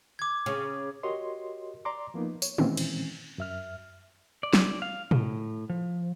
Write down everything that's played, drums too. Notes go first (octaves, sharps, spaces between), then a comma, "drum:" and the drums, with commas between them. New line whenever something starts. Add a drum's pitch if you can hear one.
D6 G#6
C#3
F#4 G4 A#4 C#5 D#5 C6
D5 A#5 C6 D6
F3 A#3 B3 D#4
C#5, drum: tambourine
A#2 D#3 E3 G#3 C4 C#4, drum: tom
drum: cymbal
F#2 E5 F6
D5
drum: snare
F5
A2, drum: tom
F3